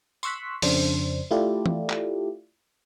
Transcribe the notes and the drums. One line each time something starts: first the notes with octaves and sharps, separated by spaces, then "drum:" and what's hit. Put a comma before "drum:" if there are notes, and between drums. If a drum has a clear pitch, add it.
C6 C#6 E6 F#6 B6, drum: tambourine
F2 C#3 D4 C5, drum: open hi-hat
A3 E4 F4 G4 A4 D5
drum: tom E3
drum: clap